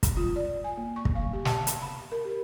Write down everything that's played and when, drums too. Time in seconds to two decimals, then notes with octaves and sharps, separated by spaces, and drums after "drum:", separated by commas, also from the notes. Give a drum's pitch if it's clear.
0.03 drum: kick, hi-hat
0.17 F4
0.36 D5
0.64 G#5
0.77 A#3
0.96 C#6
1.05 drum: kick
1.15 F5
1.33 G4
1.45 A5, drum: snare
1.67 drum: hi-hat
1.82 B5
2.12 A#4
2.25 G4